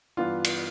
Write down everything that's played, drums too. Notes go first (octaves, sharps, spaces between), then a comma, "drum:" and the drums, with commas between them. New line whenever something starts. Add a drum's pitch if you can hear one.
G2 E3 B3 D4 F4
drum: cymbal